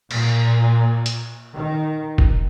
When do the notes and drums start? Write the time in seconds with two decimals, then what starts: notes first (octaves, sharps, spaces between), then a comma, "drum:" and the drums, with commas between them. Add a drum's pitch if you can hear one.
0.11 A#2, drum: cymbal
1.06 drum: hi-hat
1.55 D#3
2.18 drum: kick F1